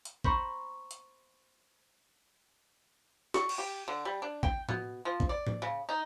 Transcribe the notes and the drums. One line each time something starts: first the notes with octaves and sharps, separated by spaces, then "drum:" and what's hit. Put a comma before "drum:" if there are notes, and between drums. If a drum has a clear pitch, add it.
drum: hi-hat
C5 A#5 B5 C#6, drum: kick G#1
drum: hi-hat
C#6, drum: snare
drum: cymbal
G4
D3
G3
D4
G5, drum: kick G#1
B2, drum: tom
F3
drum: kick G#1
D5
drum: tom
C#3
D#4